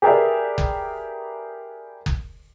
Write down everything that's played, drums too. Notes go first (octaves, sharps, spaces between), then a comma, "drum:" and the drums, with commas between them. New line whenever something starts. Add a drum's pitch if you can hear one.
G4 G#4 A#4 B4 D5 E5
drum: kick F#1
drum: kick F#1